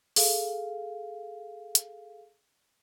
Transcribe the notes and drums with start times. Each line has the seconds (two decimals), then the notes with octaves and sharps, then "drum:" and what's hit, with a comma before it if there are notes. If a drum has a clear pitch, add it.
0.16 G#4 A4 F5, drum: open hi-hat
1.75 drum: hi-hat